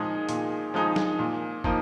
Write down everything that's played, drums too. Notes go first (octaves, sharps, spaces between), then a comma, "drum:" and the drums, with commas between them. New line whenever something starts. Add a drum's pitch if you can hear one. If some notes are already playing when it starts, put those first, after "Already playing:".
Already playing: A#2 F3 G#3 D#4 G#4
A#2, drum: hi-hat
F3 G#3 D#4 G#4
drum: snare
A#2
F3 A#3 D#4, drum: kick